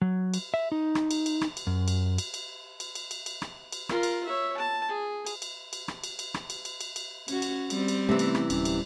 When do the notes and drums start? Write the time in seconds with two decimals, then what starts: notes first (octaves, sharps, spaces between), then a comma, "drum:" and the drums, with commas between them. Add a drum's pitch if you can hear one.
0.02 F#3
0.34 drum: cymbal
0.54 E5
0.72 D#4
0.95 drum: rim click
1.11 drum: cymbal
1.26 drum: cymbal
1.41 drum: rim click
1.57 drum: cymbal
1.67 F#2
1.88 drum: cymbal
2.18 drum: cymbal
2.34 drum: cymbal
2.80 drum: cymbal
2.95 drum: cymbal
3.11 drum: cymbal
3.26 drum: cymbal
3.42 drum: rim click
3.72 drum: cymbal
3.89 F4 A#4, drum: rim click
4.03 drum: cymbal
4.25 C#5 E5
4.57 A5
4.88 G#4
5.27 drum: cymbal
5.42 drum: cymbal
5.73 drum: cymbal
5.88 drum: rim click
6.04 drum: cymbal
6.19 drum: cymbal
6.34 drum: rim click
6.50 drum: cymbal
6.65 drum: cymbal
6.81 drum: cymbal
6.96 drum: cymbal
7.28 C#4 F#4, drum: cymbal
7.42 drum: cymbal
7.70 G3 C4, drum: cymbal
7.88 drum: cymbal
8.09 C3 E3 A3 B3 C#4
8.19 drum: cymbal
8.35 drum: rim click
8.50 D1 G3 C#4, drum: cymbal
8.65 drum: cymbal